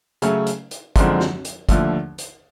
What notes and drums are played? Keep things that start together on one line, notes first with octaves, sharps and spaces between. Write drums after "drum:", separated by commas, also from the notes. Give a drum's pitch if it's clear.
C#3 F#3 A3 C#4, drum: hi-hat
drum: hi-hat
drum: hi-hat
F#2 D3 F3 G#3 C4, drum: kick G1, hi-hat
drum: snare
drum: hi-hat
D#2 D3 F3 A3, drum: kick G1, hi-hat
drum: hi-hat